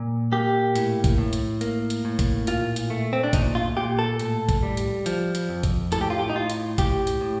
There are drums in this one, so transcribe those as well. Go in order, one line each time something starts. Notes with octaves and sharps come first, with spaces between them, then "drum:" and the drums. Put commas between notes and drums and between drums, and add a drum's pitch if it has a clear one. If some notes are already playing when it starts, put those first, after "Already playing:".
Already playing: A#2
A#3 G4
A2, drum: hi-hat
drum: kick A1, hi-hat
A2
drum: hi-hat
A#3, drum: hi-hat
drum: hi-hat
A2
drum: kick A1, hi-hat
A#2 F4, drum: hi-hat
drum: hi-hat
A3
C4
D4
A#2 D#4, drum: kick A1, hi-hat
F4
A#2 G4
A4
A2, drum: hi-hat
drum: kick A1, hi-hat
G3
drum: hi-hat
F3, drum: hi-hat
drum: hi-hat
F2
drum: kick A1, hi-hat
A2 A4, drum: hi-hat
G4
F4
G4
D#4
A2 F4
drum: hi-hat
A2 G4, drum: kick A1, hi-hat
drum: hi-hat
A2